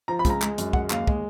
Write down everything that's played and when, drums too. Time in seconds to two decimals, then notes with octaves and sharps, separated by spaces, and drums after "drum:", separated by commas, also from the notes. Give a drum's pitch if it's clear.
0.08 F3 A#5
0.19 B5
0.25 C#2, drum: kick, hi-hat
0.30 A#5
0.42 G#3, drum: clap
0.58 F#2, drum: hi-hat
0.73 G#3 F#5, drum: kick
0.90 D#2 F5, drum: clap
1.07 G#3, drum: kick